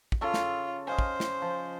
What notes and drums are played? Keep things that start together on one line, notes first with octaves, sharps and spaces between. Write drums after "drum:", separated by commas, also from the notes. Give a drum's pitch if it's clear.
drum: kick
C#3 F4 A4 C#6
drum: snare
C5 D#5 F5 G#5
drum: kick
drum: snare
F3